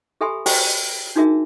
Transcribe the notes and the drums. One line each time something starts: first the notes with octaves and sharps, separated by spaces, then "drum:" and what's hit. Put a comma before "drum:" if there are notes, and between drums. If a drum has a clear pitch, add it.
G4 A4 E5 G#5 B5 C6
F#4 G4 C5 G5 G#5 A#5, drum: open hi-hat
D4 D#4 F#4 G#4 A#4 E5